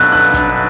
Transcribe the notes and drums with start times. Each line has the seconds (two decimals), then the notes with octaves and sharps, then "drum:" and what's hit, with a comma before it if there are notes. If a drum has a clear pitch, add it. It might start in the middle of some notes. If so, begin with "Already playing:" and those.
Already playing: B2 F#3 D4 B4 E6 F#6
0.12 F#6
0.34 drum: kick, hi-hat